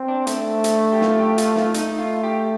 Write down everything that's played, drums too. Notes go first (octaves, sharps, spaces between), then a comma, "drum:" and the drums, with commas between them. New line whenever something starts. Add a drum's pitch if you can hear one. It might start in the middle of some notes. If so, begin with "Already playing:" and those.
Already playing: C4
D4
A3, drum: hi-hat
drum: hi-hat
G4
F4, drum: snare
G4
F4, drum: hi-hat
F4, drum: snare
A3 D#4, drum: hi-hat
F4
G4